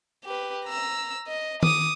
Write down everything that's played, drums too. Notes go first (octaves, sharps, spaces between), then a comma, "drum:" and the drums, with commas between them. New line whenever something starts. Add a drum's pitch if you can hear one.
G4 B4
A#5 E6
D#5
D6 D#6, drum: tom D#3